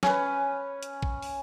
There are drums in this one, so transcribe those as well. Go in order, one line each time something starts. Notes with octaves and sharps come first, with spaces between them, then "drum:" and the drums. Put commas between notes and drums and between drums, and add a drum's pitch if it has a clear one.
C#4 B4, drum: snare
drum: hi-hat
drum: kick A1
drum: open hi-hat